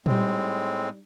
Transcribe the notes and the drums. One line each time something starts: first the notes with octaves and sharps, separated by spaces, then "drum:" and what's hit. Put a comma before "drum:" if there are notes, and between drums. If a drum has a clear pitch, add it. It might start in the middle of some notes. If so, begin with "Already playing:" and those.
A2 G3 G#3 C4 D#4, drum: tom A#2